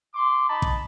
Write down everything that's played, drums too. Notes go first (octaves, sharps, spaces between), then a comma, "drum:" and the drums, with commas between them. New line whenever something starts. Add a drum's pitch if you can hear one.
C6 D6
D#4 A5 B5
drum: kick